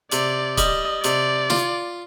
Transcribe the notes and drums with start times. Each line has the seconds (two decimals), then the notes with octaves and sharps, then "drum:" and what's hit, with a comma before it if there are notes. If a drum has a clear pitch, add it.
0.11 C3 D5, drum: hi-hat
0.57 G3 D#5, drum: kick C#1, hi-hat
1.04 C3 D5, drum: hi-hat
1.50 F4, drum: snare